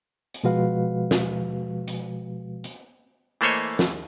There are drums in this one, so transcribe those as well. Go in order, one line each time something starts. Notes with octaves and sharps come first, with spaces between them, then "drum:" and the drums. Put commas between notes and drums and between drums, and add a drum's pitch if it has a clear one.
drum: hi-hat
B2 F3 G#3 F#4 B4 F5
drum: snare
drum: hi-hat
drum: hi-hat
E3 A3 A#3 C5 C#5 D#5, drum: open hi-hat
drum: snare